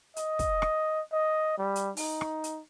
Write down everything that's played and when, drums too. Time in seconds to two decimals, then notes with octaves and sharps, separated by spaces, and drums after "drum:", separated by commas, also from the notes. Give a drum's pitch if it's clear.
0.16 D#5, drum: hi-hat
0.39 drum: kick, hi-hat
0.62 drum: rim click
1.13 D#5
1.58 G3
1.76 drum: hi-hat
1.97 D#4, drum: open hi-hat
2.21 drum: rim click
2.44 drum: hi-hat